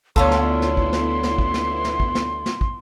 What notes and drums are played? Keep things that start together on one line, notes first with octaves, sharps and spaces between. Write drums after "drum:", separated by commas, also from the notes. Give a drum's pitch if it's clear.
D2 B3 C#4 E4 F4 A4 C6, drum: kick
drum: snare
drum: snare
drum: kick
drum: snare
drum: snare
drum: kick
drum: snare
drum: snare
drum: kick
drum: snare
drum: snare
drum: kick